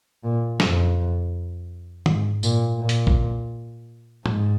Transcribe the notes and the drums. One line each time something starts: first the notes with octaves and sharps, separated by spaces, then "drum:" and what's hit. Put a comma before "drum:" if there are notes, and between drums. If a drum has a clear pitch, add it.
A#2
F2, drum: snare
G#2, drum: tom
A#2, drum: tambourine
A#2
drum: hi-hat
drum: kick A#1
G#2, drum: tom